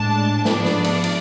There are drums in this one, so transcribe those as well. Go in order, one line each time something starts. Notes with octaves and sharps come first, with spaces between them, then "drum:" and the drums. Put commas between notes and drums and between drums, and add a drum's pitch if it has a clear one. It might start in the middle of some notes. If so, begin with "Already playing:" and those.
Already playing: A2 G#3 D4 A5
G#2 F3 B3 D4 D5, drum: snare
drum: snare
drum: cymbal
drum: cymbal